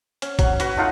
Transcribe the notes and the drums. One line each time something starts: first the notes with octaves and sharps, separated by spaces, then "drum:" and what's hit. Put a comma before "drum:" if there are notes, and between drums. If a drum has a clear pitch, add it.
C#4, drum: hi-hat
F#3, drum: kick A#1, hi-hat
F#4 B4, drum: hi-hat
A3 D#4 F4 F#5